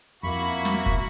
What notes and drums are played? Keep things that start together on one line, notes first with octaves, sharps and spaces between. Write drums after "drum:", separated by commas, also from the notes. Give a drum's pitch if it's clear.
F2 A#3 E4 F#4 B5 C#6
drum: snare
drum: kick